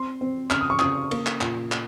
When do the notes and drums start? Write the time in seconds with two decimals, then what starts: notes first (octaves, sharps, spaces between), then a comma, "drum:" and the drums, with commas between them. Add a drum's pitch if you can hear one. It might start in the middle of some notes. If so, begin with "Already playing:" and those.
Already playing: C4 C6
0.21 C4
0.50 C#3 F6, drum: clap
0.61 D#6
0.70 C#6
0.79 C#3 D#6, drum: clap
1.11 A#3, drum: cymbal
1.26 drum: clap
1.41 A#2, drum: clap
1.72 drum: clap